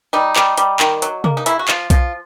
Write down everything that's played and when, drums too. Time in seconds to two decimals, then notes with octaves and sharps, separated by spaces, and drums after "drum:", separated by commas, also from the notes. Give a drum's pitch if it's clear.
0.13 G3 D#4
0.36 G3, drum: clap
0.58 G3, drum: hi-hat
0.80 D#3, drum: clap
1.02 F#3, drum: hi-hat
1.24 A#3, drum: tom
1.37 D#4
1.46 C#3 E4, drum: hi-hat
1.59 F#4
1.68 F3 F4, drum: clap
1.90 F3 F4, drum: kick B1, hi-hat